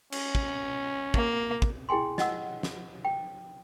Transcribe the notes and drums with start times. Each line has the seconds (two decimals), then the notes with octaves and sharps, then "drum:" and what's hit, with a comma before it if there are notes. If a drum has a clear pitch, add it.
0.12 C#4, drum: cymbal
0.35 drum: kick
1.14 A#3, drum: kick
1.62 drum: kick
1.89 E4 G#4 G5 G#5 C6
2.18 D#5 F#5 E6, drum: snare
2.63 drum: snare
3.05 G5